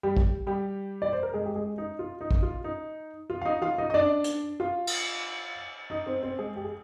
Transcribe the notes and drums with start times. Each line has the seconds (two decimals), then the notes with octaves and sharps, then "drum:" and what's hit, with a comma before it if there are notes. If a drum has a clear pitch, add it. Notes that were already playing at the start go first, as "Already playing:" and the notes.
0.03 G3 G4
0.17 drum: kick
0.47 G3 G4
1.02 D5
1.13 C5
1.23 A#4
1.34 G#3 G#4
1.45 G4
1.55 G#3 G#4
1.78 D#4
1.99 F4
2.21 D#4
2.31 drum: kick
2.42 F4
2.64 D#4
3.30 F4
3.41 F5
3.45 D#4 D#5
3.62 F4 F5
3.78 D#4 D#5
3.90 D#5
3.94 D4 D5
4.24 drum: hi-hat
4.60 F4 F5
4.87 drum: cymbal
5.90 D#4 D#5
6.06 C4 C5
6.23 C4 C5
6.39 G#3 G#4
6.56 G4
6.64 G#4